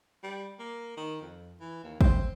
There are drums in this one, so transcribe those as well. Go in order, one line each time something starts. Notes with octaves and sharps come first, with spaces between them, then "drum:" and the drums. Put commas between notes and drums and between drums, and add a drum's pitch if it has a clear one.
G3
A#3
D#3
F2
E3
D#2
C4, drum: kick